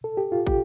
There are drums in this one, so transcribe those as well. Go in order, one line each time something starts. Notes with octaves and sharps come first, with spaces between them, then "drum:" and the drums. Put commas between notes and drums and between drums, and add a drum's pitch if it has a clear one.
A4
G4
F4
G4, drum: kick